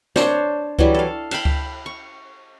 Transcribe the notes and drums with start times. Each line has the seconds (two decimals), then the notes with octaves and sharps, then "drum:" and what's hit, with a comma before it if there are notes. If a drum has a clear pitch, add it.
0.16 D4 C5 C#5, drum: snare
0.79 E3 F#3 G3, drum: kick C#2
0.94 A4 F5
1.31 E5 F5 G5 B5, drum: cymbal
1.45 drum: kick C#2
1.86 C#6